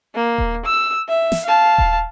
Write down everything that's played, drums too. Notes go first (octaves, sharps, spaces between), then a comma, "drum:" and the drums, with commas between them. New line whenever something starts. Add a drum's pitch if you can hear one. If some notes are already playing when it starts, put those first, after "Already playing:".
A#3
drum: kick D#1
E6
E5
drum: snare
F5 A5
drum: kick D#1